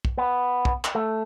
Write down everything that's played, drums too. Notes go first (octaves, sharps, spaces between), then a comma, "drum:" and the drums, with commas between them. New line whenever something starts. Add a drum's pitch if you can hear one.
drum: kick
B3
drum: kick
drum: clap
A3